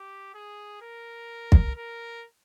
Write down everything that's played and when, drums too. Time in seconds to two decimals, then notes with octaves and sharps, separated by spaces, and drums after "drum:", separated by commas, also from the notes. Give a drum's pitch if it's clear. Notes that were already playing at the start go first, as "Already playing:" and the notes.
Already playing: G4
0.35 G#4
0.81 A#4
1.52 drum: kick
1.76 A#4